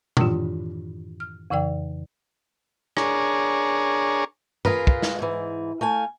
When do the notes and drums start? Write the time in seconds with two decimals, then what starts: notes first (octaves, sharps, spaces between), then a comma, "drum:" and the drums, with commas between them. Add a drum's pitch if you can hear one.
0.17 F#2 A2 D#3 E3 D4 F4, drum: tom A#2
1.20 F6
1.50 F2 C#3 E3 D5 G5
2.97 D4 G#4 A#4 C#5, drum: rim click
4.65 F4 G#4 A#4 B4, drum: tom G2
4.87 drum: kick
5.02 drum: snare
5.19 G#2 E3
5.81 A3 F5 G#5